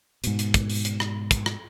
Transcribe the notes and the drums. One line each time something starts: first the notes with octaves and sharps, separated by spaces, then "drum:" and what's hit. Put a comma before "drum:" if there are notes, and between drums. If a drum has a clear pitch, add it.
G#2 B2, drum: hi-hat
drum: hi-hat
drum: kick, hi-hat
drum: open hi-hat
drum: hi-hat
drum: rim click
drum: kick, hi-hat
drum: rim click